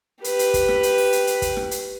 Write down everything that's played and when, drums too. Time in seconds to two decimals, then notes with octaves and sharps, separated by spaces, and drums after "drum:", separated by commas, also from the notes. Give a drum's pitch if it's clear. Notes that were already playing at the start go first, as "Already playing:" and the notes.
0.24 G4 B4, drum: hi-hat
0.39 drum: hi-hat
0.54 drum: kick, hi-hat
0.68 drum: rim click
0.83 drum: hi-hat
0.98 drum: open hi-hat
1.12 drum: hi-hat
1.27 drum: hi-hat
1.42 drum: kick, hi-hat
1.57 drum: rim click
1.71 drum: hi-hat